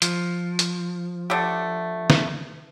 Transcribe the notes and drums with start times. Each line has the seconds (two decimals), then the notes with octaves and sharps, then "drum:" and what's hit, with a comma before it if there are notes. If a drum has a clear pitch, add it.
0.02 F3, drum: hi-hat
0.59 drum: hi-hat
1.30 D3 A3 G4
2.10 drum: snare